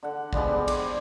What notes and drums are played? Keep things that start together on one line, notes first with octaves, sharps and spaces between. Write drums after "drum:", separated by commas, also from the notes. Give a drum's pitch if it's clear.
D3 F#5
F3 G3 G#3 B3, drum: kick A1
G4
G4 C5, drum: cymbal